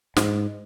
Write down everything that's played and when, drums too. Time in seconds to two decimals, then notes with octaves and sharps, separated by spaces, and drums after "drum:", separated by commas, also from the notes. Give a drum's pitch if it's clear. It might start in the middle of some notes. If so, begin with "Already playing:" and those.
0.17 G#2, drum: snare